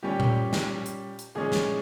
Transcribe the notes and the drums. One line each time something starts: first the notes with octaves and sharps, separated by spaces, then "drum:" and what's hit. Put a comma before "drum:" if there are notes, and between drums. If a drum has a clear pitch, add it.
A#2 G3 C#4 G4
drum: tom A#2
drum: snare
drum: hi-hat
drum: hi-hat
A#2 F3 G#3 C#4 G#4
drum: snare